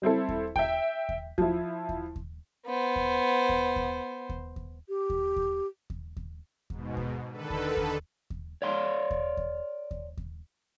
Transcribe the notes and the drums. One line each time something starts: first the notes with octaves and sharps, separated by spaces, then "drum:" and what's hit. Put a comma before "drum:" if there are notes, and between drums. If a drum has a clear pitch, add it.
G3 C4 E4 A4
drum: kick D#2
E5 G5, drum: kick D#2
drum: kick D#2
F3 E4, drum: kick D#2
drum: kick D#2
drum: kick D#2
B3 C5
drum: kick D#2
drum: kick D#2
drum: kick D#2
drum: kick D#2
drum: kick D#2
G4
drum: kick D#2
drum: kick D#2
drum: kick D#2
drum: kick D#2
G#2 B2, drum: kick D#2
drum: kick D#2
D3 D#3 A4 B4
drum: kick D#2
drum: kick D#2
drum: kick D#2
C#5 D5 F5 C6
drum: kick D#2
drum: kick D#2
drum: kick D#2
drum: kick D#2